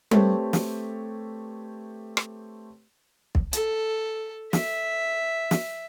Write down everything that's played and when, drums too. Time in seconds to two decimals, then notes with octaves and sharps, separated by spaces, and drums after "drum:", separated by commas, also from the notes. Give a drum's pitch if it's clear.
0.11 A3 C4 G4 A4 B4 C#5, drum: tom G3
0.53 drum: snare
2.17 drum: rim click
3.35 drum: kick
3.53 A4, drum: hi-hat
4.53 E5, drum: snare
5.51 drum: snare